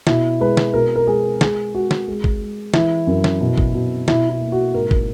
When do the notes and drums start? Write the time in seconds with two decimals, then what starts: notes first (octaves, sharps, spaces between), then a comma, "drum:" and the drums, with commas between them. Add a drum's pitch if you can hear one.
0.07 B2 E4, drum: snare
0.40 G#3 B4
0.57 drum: snare
0.74 B2 A#4
0.96 A#4
1.07 G#3 G#4
1.41 G#3 G#4, drum: snare
1.74 G#3 F#4
1.91 drum: snare
2.07 G#3
2.24 drum: kick
2.41 G#3
2.74 E3 E4, drum: snare
3.07 F#2
3.24 drum: snare
3.40 B2
3.58 drum: kick
3.74 B2
4.08 B2 E4, drum: snare
4.30 E4
4.41 A#3
4.52 F#4
4.74 G#2 A#4
4.91 drum: kick